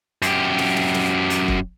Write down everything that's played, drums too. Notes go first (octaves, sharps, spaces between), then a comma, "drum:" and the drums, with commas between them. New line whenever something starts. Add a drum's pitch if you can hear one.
F#2 G4, drum: hi-hat
drum: snare
drum: snare
drum: snare
drum: hi-hat
drum: kick E1